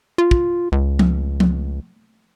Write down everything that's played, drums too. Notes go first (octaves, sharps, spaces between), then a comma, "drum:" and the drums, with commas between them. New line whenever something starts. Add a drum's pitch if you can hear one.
F4
drum: kick
C#2
drum: tom F3
drum: tom F3